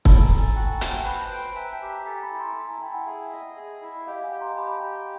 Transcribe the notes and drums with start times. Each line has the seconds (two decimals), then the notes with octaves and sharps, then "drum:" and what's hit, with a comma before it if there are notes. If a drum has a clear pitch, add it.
0.05 A4 A5 B5, drum: kick
0.22 G#5 A#5
0.31 A4
0.39 G#5 A#5
0.55 F#4 G5 A5
0.72 F#5 G#5
0.81 C5, drum: hi-hat
0.89 G5 A5
1.06 B4 A5 B5
1.31 G5
1.55 E5 G#5 A#5
1.73 G5 A5
1.82 G4
1.89 G#5 A#5
2.06 A4 G#5 A#5
2.23 A5 B5
2.31 E4
2.40 A#5 C6
2.56 E4
2.69 G#5 A#5
2.81 E4 G5 A5
2.94 F#5 G#5
3.06 G#4 E5 F#5
3.32 D#5
3.57 G#4
3.82 E4
4.07 G4 D#5 F5
4.24 F#5 G#5
4.32 G4
4.41 A#5 C6
4.57 G4 A5 B5
4.83 G4